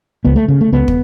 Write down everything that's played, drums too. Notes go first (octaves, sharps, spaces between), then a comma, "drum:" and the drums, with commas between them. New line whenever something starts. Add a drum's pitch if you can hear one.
C#2 B3
A3
C#3
A3
C#2 B3
drum: kick